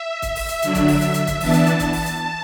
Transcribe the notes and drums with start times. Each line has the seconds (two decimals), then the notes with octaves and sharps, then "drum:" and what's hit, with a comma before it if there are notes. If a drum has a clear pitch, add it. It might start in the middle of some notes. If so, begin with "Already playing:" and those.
Already playing: E5
0.22 drum: kick, hi-hat
0.35 drum: open hi-hat
0.49 drum: hi-hat
0.62 D3 F#3 D4, drum: hi-hat
0.75 drum: kick, hi-hat
0.88 drum: open hi-hat
1.01 drum: hi-hat
1.14 drum: hi-hat
1.27 drum: kick, hi-hat
1.40 E3 B3 D4 A5, drum: open hi-hat
1.53 drum: hi-hat
1.67 drum: hi-hat
1.80 drum: kick, hi-hat
1.93 drum: open hi-hat
2.06 drum: hi-hat